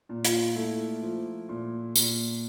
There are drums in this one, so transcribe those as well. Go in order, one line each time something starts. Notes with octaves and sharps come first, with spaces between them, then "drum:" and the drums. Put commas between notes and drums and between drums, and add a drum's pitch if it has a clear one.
A#2
F4, drum: hi-hat
A3 E4
F3
A#2
A#2, drum: tambourine